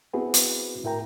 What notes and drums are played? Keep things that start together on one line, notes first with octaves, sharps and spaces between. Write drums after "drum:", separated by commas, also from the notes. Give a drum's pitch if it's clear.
B3 C4 E4 F#4 G#4 B4
drum: hi-hat
A2 E4 A#4 G5 A#5